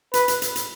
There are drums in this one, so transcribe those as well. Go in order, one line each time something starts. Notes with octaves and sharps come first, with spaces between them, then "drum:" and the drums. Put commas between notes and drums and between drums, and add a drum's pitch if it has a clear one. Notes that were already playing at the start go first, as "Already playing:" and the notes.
B4, drum: hi-hat
drum: hi-hat
drum: hi-hat
drum: hi-hat